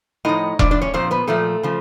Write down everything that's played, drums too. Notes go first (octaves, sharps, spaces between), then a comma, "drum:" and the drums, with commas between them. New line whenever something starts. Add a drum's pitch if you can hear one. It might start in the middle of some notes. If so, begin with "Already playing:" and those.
A2 F3 D#4 D#5
A2 F3 D4 D5, drum: kick E1
D4 D5
C#4 C#5
A#2 F3 C4 C5
B3 B4
A#2 F3 A3 A4
C#3 F3